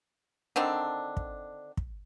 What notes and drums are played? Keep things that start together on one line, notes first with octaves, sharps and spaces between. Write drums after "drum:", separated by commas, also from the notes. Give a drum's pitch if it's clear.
D3 D#3 C4 D4
drum: kick
drum: kick